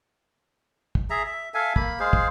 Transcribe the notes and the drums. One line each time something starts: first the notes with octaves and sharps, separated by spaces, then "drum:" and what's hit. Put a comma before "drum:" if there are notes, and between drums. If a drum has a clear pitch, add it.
drum: kick
G#4 E5 A#5
E5
A4 E5 F5 G#5
A#3 B5, drum: kick
G#3 G#4 C5 F5
drum: kick